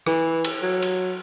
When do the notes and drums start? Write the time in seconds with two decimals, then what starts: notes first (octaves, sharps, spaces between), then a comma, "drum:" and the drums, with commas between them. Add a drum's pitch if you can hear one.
0.07 E3, drum: rim click
0.45 drum: cymbal
0.62 F#3
0.83 drum: cymbal